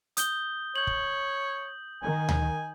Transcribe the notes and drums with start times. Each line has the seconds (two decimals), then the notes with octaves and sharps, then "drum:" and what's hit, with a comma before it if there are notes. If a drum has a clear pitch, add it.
0.17 D#6 G6 G7, drum: hi-hat
0.76 C#5 G6 F#7
0.87 drum: kick
2.03 D#3 G#5
2.29 drum: tom D2